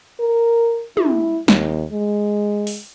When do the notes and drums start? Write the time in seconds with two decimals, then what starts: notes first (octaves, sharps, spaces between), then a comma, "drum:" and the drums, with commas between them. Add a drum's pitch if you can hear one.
0.20 A#4
0.97 E4, drum: tom
1.48 D#2, drum: snare
1.92 G#3
2.67 drum: open hi-hat